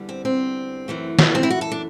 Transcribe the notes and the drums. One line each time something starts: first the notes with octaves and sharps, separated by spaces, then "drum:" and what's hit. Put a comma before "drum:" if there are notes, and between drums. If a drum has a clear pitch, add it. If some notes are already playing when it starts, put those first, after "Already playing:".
Already playing: E2 D3 G3
C4
C4
F#2 E3 A3
B3, drum: snare
C4
E4
F#4
A4
D4